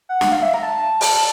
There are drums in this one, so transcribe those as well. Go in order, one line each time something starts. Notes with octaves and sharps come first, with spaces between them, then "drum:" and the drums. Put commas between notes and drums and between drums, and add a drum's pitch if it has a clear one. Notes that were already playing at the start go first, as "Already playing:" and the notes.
F#5
drum: snare
F5
E5
A#5
A5
drum: open hi-hat
A5